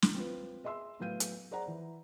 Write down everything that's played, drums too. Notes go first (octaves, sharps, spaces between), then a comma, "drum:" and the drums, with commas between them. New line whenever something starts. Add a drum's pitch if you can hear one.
drum: snare
C4 F4 B4
G#4 D#5 E5 C6 E6
A2 F#3 B3 F5 G6 D#7
drum: hi-hat
G#4 C5 D5 F#5 A#5
E3